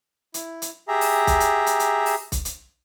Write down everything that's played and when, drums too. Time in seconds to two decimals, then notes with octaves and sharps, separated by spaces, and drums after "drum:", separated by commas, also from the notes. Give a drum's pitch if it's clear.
0.34 E4, drum: hi-hat
0.62 drum: hi-hat
0.88 G4 G#4 E5 A#5
1.01 drum: open hi-hat
1.27 drum: kick B1, hi-hat
1.40 drum: hi-hat
1.66 drum: hi-hat
1.80 drum: hi-hat
2.06 drum: open hi-hat
2.32 drum: kick B1, hi-hat
2.45 drum: hi-hat